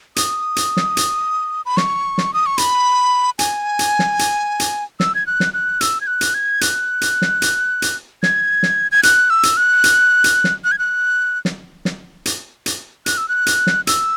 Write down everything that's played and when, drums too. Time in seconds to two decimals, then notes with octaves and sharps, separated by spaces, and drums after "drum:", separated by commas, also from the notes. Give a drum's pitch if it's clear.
0.16 D#6, drum: hi-hat
0.56 drum: hi-hat
0.77 drum: snare
0.97 drum: hi-hat
1.65 B5
1.77 C#6, drum: snare
2.18 drum: snare
2.34 D#6
2.46 C#6
2.58 B5, drum: hi-hat
3.39 G#5, drum: hi-hat
3.79 drum: hi-hat
3.99 drum: snare
4.19 drum: hi-hat
4.60 drum: hi-hat
5.00 E6, drum: snare
5.15 G#6
5.27 F#6
5.40 drum: snare
5.54 F#6
5.81 E6, drum: hi-hat
6.01 G#6
6.07 F#6
6.21 drum: hi-hat
6.34 G#6
6.61 F#6, drum: hi-hat
7.01 drum: hi-hat
7.22 drum: snare
7.42 drum: hi-hat
7.82 drum: hi-hat
8.23 G#6, drum: snare
8.63 drum: snare
8.92 G#6
9.03 F#6, drum: hi-hat
9.30 E6
9.43 drum: hi-hat
9.57 F#6
9.84 drum: hi-hat
10.24 drum: hi-hat
10.44 drum: snare
10.64 F#6
10.72 G#6
10.79 F#6
11.45 drum: snare
11.85 drum: snare
12.26 drum: hi-hat
12.66 drum: hi-hat
13.06 F#6, drum: hi-hat
13.17 E6
13.29 F#6
13.46 drum: hi-hat
13.67 drum: snare
13.87 E6, drum: hi-hat